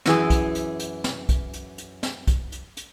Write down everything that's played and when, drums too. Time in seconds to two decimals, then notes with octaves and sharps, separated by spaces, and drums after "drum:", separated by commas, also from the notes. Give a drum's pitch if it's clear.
0.06 F#2 E3 G#4, drum: snare
0.30 drum: kick, hi-hat
0.55 drum: hi-hat
0.80 drum: hi-hat
1.04 drum: snare
1.29 drum: kick, hi-hat
1.54 drum: hi-hat
1.78 drum: hi-hat
2.03 drum: snare
2.27 drum: kick, hi-hat
2.52 drum: hi-hat
2.77 drum: hi-hat